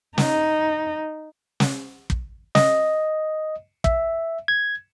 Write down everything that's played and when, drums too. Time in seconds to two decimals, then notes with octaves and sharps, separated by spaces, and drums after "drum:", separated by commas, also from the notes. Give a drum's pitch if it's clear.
0.18 D#4, drum: snare
1.60 drum: snare
2.10 drum: kick
2.55 D#5, drum: snare
3.84 E5, drum: kick
4.48 G#6